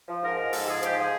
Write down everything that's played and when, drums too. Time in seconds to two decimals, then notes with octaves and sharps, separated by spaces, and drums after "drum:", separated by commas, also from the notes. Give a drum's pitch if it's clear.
0.08 F3
0.23 G#2 A#4
0.37 G#2
0.53 G#2 A4, drum: open hi-hat
0.63 G4
0.67 F3 G#4
0.82 G#2 G4, drum: hi-hat
0.97 F3 G#4